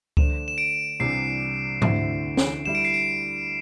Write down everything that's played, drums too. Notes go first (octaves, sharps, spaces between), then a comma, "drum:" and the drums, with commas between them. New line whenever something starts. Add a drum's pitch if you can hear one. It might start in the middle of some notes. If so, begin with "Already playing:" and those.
D3 A3 D4 C5 E7, drum: kick C#2
E7
D7
C2 C3 E3 G3 D4 C7
D2 D3 C4 E4, drum: tom G#2
drum: snare
D3 G3 E4 E7
D7
C7
D7